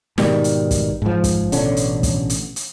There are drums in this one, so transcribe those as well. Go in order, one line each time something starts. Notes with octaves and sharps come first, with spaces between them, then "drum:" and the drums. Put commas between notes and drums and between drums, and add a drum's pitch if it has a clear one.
G#2 B2 D#3 G3, drum: snare
drum: hi-hat
drum: kick, hi-hat
G#2 F3
drum: kick, hi-hat
A1 B2 D3 C#4, drum: hi-hat
drum: hi-hat
drum: kick, hi-hat
drum: hi-hat
drum: hi-hat